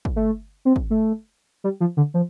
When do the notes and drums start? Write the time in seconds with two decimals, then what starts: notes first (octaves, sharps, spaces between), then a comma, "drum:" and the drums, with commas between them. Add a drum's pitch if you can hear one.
0.05 drum: kick
0.16 A3
0.65 C4
0.76 drum: kick
0.90 A3
1.64 G3
1.80 F3
1.97 D3
2.14 F3